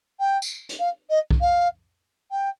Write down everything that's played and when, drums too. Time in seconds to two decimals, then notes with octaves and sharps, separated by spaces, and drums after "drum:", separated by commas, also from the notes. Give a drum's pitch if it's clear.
0.20 G5
0.42 drum: tambourine
0.69 drum: hi-hat
0.79 F5
1.10 D#5
1.31 drum: kick B1
1.41 F5
2.31 G5